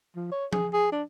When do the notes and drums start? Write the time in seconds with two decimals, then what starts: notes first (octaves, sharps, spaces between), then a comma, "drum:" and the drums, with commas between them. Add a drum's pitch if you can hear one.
0.16 F3
0.32 C#5
0.53 G#4, drum: tom F3
0.73 G#4
0.92 D4